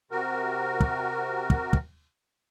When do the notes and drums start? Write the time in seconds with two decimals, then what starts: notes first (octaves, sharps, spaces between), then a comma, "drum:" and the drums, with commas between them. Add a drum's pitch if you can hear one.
0.11 C3 F#4 A#4
0.80 drum: kick
1.50 drum: kick
1.73 drum: kick